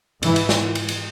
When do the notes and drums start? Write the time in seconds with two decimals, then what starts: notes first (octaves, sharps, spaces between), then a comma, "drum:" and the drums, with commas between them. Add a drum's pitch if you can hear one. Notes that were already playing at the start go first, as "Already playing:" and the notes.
0.23 G#2 E3, drum: cymbal
0.36 drum: cymbal
0.49 drum: snare
0.75 drum: cymbal
0.88 drum: cymbal